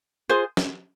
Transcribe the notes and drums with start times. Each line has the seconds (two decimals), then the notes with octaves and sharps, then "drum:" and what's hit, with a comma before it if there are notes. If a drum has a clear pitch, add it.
0.29 F4 G#4 C5
0.57 drum: snare